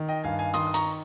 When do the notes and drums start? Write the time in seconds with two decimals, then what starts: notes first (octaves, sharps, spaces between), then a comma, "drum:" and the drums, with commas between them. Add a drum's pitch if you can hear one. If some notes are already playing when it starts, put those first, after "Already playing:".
Already playing: D#3
0.09 D#5 G5
0.24 G2 F5 G#5
0.39 F5 G#5
0.54 D#3 C6 D#6, drum: hi-hat
0.67 D#6
0.74 A#5 C#6, drum: hi-hat